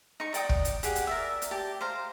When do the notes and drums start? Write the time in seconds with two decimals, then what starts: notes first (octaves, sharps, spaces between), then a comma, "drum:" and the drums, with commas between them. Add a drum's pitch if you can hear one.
0.20 D#4 C#6
0.34 D5 G5 D#6, drum: hi-hat
0.49 drum: kick
0.65 drum: hi-hat
0.83 G4 G#4 F#5, drum: hi-hat
0.96 drum: hi-hat
1.07 A#4 D5 E5
1.42 drum: hi-hat
1.51 G4 A5
1.81 C5 F5 A#5